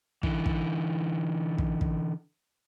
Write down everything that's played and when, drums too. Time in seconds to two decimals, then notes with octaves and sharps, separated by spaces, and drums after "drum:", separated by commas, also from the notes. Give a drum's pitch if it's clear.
0.23 D3 E3, drum: kick
0.46 drum: kick
1.58 drum: kick
1.81 drum: kick